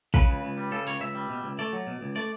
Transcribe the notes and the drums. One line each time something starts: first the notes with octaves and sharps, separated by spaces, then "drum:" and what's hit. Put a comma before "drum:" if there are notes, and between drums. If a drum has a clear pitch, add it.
C#3 B4, drum: kick
C#2
C#2
G3
C#3 A4
C#2 C#5, drum: open hi-hat
C#2 E5
G3
B2
C#2
A3 D5
F#3
B2
C#2
A3 D5